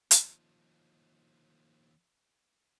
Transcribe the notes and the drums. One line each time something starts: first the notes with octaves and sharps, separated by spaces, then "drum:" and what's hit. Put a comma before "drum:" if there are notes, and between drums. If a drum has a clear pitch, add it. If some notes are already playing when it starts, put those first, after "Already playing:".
D#2 F3, drum: hi-hat